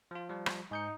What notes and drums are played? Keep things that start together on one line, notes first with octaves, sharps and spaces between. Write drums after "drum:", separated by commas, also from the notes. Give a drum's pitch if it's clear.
F3 F4
F3 G3
drum: rim click
G#2 D#4 G6 C#7